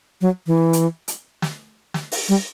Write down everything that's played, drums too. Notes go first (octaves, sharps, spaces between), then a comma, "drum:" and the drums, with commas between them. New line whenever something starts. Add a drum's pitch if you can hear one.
F#3
E3
drum: hi-hat
drum: hi-hat
drum: snare
drum: snare
drum: open hi-hat
G3